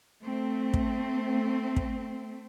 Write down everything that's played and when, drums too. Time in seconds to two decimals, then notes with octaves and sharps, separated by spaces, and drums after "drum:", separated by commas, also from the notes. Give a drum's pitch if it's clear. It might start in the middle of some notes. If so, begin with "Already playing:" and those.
0.22 A3 C4
0.74 drum: kick
1.76 drum: kick